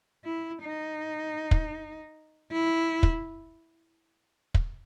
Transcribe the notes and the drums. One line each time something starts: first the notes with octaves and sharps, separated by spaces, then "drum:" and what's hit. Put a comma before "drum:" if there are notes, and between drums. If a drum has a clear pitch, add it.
E4
D#4
drum: kick
E4
drum: kick
drum: kick